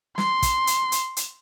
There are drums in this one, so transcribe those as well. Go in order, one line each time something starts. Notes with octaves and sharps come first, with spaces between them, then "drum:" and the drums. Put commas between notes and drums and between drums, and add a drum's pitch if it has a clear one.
C6, drum: snare
drum: kick, hi-hat
drum: hi-hat
drum: hi-hat
drum: hi-hat